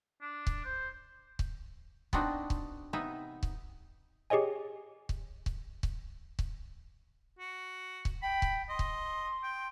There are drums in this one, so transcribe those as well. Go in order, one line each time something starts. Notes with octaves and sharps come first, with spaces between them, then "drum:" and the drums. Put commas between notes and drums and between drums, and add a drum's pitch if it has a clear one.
D4
drum: kick C#1
C5
drum: kick C#1
B3 C4 D4 D#4 F#4 A5, drum: kick C#1
drum: kick C#1
C3 B3 D#4 E5
drum: kick C#1
G4 G#4 C#5 D#5 G#5
drum: kick C#1
drum: kick C#1
drum: kick C#1
drum: kick C#1
F#4
drum: kick C#1
G5 B5
drum: kick C#1
D#5 C6
drum: kick C#1
G5